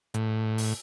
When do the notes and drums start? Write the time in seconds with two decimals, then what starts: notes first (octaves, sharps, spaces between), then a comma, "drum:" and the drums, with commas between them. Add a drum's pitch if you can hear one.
0.14 A2, drum: hi-hat
0.58 drum: open hi-hat